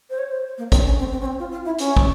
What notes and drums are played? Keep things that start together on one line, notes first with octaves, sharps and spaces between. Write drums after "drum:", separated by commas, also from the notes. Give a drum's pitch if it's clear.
C5
C#5
C5
A#3
C4, drum: kick, hi-hat
C#4
C4
C4
C#4
C4
F4
F4
E4
C#4, drum: hi-hat
drum: kick